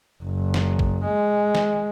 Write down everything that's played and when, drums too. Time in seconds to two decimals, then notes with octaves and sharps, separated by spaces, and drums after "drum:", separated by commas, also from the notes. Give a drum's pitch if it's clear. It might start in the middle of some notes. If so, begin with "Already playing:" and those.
0.23 F#1
0.54 drum: snare
0.79 drum: kick G#1
1.04 G#3
1.55 drum: snare